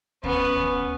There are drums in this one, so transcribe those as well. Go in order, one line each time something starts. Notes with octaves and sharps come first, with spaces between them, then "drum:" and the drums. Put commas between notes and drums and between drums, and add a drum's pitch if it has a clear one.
B3 C#4, drum: kick
drum: kick